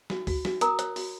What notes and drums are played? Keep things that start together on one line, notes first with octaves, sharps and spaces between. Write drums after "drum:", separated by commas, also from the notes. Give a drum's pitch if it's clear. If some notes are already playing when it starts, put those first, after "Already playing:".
F#4, drum: snare
F#4, drum: kick C#2, open hi-hat
F#4, drum: snare
A#4 A#5 D#6, drum: hi-hat
C#5, drum: hi-hat
F#4, drum: open hi-hat